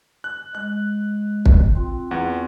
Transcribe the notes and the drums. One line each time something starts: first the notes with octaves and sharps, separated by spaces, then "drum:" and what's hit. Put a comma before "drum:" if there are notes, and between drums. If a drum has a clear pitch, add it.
F#6
G#3 F#6
drum: kick
C4 F4
E2 F#5